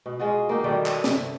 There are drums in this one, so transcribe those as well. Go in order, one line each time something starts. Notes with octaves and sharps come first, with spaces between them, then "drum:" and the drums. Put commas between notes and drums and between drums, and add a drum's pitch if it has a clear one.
B2
G#3 F4 F#4
A#3 D#4 G4
B2 D#3 G3 A3
C#5 D#5 E5, drum: clap
C3, drum: snare